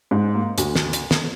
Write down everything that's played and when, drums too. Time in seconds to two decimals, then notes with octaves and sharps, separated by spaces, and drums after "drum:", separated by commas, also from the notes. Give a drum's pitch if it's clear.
0.11 G#2
0.35 A#3
0.58 D2, drum: hi-hat
0.75 drum: snare
0.93 drum: hi-hat
1.11 drum: snare